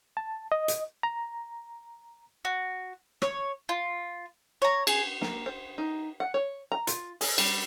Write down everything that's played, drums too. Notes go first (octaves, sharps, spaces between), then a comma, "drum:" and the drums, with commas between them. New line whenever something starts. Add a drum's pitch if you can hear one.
A5
D#5
drum: hi-hat
A#5
F#4
C#5, drum: rim click
F4
C#5 A#5
G#4, drum: cymbal
A#3, drum: snare
C5
D#4
F#5
C#5
A#5
F4, drum: hi-hat
G#4, drum: open hi-hat
G3, drum: cymbal